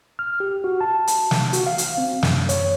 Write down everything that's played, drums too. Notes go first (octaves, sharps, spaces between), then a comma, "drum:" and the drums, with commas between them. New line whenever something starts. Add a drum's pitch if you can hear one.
F6
G4
F#4
A5
drum: hi-hat
drum: snare
F#4, drum: hi-hat
F5
drum: hi-hat
C4
F#2, drum: snare
C#5, drum: hi-hat